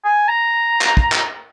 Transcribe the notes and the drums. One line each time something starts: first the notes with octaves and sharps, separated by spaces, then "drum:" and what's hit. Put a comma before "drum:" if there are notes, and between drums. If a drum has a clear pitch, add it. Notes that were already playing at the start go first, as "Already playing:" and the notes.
G#5
A#5
drum: clap
drum: kick
drum: clap